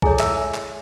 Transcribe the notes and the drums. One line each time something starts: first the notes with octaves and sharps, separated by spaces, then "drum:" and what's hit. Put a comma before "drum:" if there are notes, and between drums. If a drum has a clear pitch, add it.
E4 G#4 A4 C#5 G#5, drum: kick B1
E5 E6, drum: clap
drum: clap